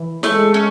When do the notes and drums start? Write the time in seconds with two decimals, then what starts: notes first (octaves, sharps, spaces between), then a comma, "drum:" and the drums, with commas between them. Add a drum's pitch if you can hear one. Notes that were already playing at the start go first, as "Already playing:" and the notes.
Already playing: E3
0.23 G#3 A3, drum: snare
0.54 C#4